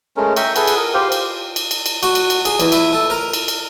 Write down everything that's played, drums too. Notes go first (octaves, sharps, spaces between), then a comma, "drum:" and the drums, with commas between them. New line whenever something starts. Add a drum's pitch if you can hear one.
G#3 A3 C#4 A#4
E5 G5 A#5 C#6, drum: cymbal
G#4 A4 B4 F#5, drum: cymbal
drum: cymbal
A#4
G4 C5 F5
drum: cymbal
drum: cymbal
drum: cymbal
drum: cymbal
F#4, drum: cymbal
drum: cymbal
drum: cymbal
G#4, drum: cymbal
E2, drum: cymbal
E4, drum: cymbal
A4
A#4
drum: cymbal
drum: cymbal